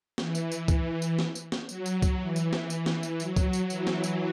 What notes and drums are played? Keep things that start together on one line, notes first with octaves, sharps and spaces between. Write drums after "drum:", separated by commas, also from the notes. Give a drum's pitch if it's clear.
E3, drum: snare
drum: tambourine
drum: tambourine
drum: kick, tambourine
drum: tambourine
drum: snare
drum: tambourine
drum: snare
F#3, drum: tambourine
drum: tambourine
drum: kick, tambourine
E3
drum: tambourine
drum: snare
E3, drum: tambourine
drum: snare
drum: tambourine
F#3, drum: tambourine
drum: kick, tambourine
drum: tambourine
E3, drum: tambourine
drum: snare
drum: tambourine